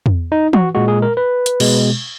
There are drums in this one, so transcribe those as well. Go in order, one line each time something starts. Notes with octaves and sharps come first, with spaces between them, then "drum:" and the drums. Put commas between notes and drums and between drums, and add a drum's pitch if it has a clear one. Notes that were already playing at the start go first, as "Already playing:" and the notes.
drum: tom
D#4
F#4, drum: tom E3
A#2 G#3 F#4
G#4
A#4
B4
drum: hi-hat
B2 G#3, drum: cymbal